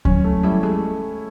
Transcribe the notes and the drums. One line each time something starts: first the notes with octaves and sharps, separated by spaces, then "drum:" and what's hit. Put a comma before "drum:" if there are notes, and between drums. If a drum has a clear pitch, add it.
F#3 C#4, drum: kick D2
A3
G3 E4
G#3 A3